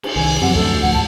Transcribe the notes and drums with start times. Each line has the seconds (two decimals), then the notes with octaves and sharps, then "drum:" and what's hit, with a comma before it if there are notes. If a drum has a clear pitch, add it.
0.03 drum: cymbal
0.16 C2 D#3 G#5
0.42 F#2 C3 F3 F#3 F#5
0.55 D2 A4
0.82 D1 F3 A3 F#5
0.94 G#2 A5